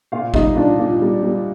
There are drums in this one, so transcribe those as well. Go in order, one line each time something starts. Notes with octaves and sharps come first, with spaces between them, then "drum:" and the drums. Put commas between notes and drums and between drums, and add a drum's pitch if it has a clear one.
A#2 F4 F5
G3 D#4 D#5, drum: kick G#1
A#2 D4 D5
A#2
G3
G3